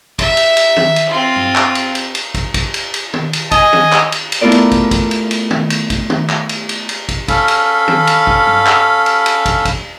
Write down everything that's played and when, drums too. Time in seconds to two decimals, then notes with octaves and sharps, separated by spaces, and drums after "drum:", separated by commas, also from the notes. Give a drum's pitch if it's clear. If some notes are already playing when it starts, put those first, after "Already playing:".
0.19 E5, drum: kick, cymbal
0.37 drum: cymbal
0.57 drum: cymbal
0.76 drum: tom
0.96 drum: cymbal
1.09 C4 F4
1.36 drum: tom G2
1.55 drum: clap
1.75 drum: cymbal
1.95 drum: cymbal
2.15 drum: cymbal
2.34 drum: kick, cymbal
2.54 drum: kick, cymbal
2.74 drum: cymbal
2.94 drum: cymbal
3.13 drum: tom
3.33 drum: cymbal
3.51 D#5 G#5, drum: kick, cymbal
3.73 drum: tom
3.92 drum: clap
4.12 drum: cymbal
4.32 drum: cymbal
4.41 A3 B3 E4 F4 A#4 D5
4.52 drum: cymbal
4.72 drum: kick, cymbal
4.91 drum: kick, cymbal
5.11 drum: cymbal
5.31 drum: cymbal
5.51 drum: tom
5.70 drum: cymbal
5.90 drum: kick, cymbal
6.10 drum: tom
6.30 drum: clap
6.49 drum: cymbal
6.69 drum: cymbal
6.89 drum: cymbal
7.09 drum: kick, cymbal
7.28 C#4 A4 F5 B5, drum: kick, cymbal
7.48 drum: cymbal
7.88 drum: tom
8.07 drum: cymbal
8.27 drum: kick
8.47 drum: tom G2
8.67 drum: clap
9.06 drum: cymbal
9.26 drum: cymbal
9.46 drum: kick, cymbal
9.65 drum: kick, cymbal